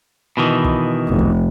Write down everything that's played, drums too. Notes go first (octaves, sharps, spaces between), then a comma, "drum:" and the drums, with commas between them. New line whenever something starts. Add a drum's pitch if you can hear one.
B2 D#3 E3
drum: kick
F1
drum: kick